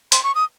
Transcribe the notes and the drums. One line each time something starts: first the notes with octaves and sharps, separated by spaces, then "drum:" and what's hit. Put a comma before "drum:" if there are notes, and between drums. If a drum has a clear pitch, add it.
C6, drum: hi-hat
C#6
D#6